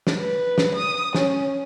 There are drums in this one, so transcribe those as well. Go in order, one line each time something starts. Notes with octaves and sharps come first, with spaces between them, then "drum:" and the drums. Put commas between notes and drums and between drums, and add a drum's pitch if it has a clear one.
drum: snare
B4
drum: snare
D#6
C#4, drum: snare